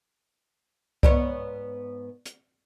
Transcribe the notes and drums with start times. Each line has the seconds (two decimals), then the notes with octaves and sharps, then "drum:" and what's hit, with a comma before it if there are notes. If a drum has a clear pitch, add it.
1.03 G#2 B3 C#5 D5, drum: kick C2
2.26 drum: hi-hat